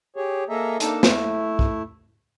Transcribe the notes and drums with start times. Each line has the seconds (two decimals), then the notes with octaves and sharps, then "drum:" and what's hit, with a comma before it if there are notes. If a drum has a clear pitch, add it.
0.16 G4 G#4 C#5
0.49 A#3 G#4 A4 D#5 E5 A#5
0.80 A#3 D4 D#4 A4 A5, drum: hi-hat
1.03 A3 E4, drum: snare
1.59 drum: kick